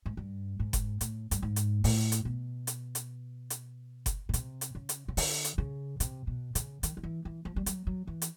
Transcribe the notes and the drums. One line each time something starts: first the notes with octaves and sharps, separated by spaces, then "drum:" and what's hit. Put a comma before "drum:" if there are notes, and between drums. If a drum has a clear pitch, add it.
G#2
G2
G#2
drum: kick F#1, hi-hat
A2, drum: hi-hat
G2, drum: hi-hat
G#2
drum: hi-hat
A2, drum: open hi-hat
drum: hi-hat
B2
drum: hi-hat
drum: hi-hat
drum: hi-hat
drum: kick F#1, hi-hat
B2
C3, drum: hi-hat
drum: hi-hat
C#3
drum: hi-hat
C#3
D3, drum: open hi-hat
drum: hi-hat
C#3
C3, drum: hi-hat
B2
C#3, drum: hi-hat
D#3, drum: hi-hat
D#3
E3
E3
F3
G3
F#3, drum: hi-hat
F#3
E3
drum: hi-hat